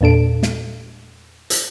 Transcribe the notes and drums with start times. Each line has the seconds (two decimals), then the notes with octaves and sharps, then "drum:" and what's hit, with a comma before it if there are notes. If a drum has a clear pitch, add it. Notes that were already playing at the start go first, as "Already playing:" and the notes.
0.01 E2 A#2 D4 A4 D7
0.43 drum: snare
1.50 drum: hi-hat